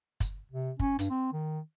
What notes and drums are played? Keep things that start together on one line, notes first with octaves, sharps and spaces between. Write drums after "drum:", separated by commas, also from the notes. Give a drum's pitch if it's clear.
drum: kick, hi-hat
C3
C#4, drum: kick
G2, drum: hi-hat
C4
D#3